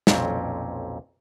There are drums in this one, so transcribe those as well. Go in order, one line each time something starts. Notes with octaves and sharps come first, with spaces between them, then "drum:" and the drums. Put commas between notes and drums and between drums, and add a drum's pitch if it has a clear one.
B1 F2 A#2 C4 C#4 G5, drum: snare